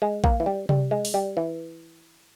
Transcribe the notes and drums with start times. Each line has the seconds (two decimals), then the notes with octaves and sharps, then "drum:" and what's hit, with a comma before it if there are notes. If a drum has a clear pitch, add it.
0.02 G#3
0.24 A#3, drum: kick A#1
0.40 E3
0.46 G3
0.69 G3, drum: tom C3
0.91 G#3
1.05 drum: open hi-hat
1.14 G3
1.37 E3